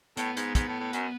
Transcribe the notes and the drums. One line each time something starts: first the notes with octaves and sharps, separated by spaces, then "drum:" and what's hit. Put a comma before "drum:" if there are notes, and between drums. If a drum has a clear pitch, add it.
A2 B3, drum: hi-hat
G#2, drum: hi-hat
G#2 B3, drum: kick, hi-hat
A2
A2
F#2, drum: hi-hat